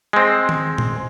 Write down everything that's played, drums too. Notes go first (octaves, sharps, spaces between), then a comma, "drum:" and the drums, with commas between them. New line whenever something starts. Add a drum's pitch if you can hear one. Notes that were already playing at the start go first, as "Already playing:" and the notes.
G#3 C4
drum: tom D#3
drum: tom A#2